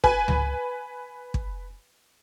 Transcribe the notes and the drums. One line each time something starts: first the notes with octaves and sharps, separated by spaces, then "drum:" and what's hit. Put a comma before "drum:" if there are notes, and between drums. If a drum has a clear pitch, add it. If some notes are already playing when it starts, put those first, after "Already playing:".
B4 G#5, drum: kick
drum: tom C#2
drum: kick